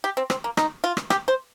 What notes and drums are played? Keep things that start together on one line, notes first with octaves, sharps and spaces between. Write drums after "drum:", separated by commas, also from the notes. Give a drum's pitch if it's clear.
G4
C4
C4, drum: rim click
A#3
D#4, drum: rim click
F4
drum: rim click
G4, drum: rim click
C5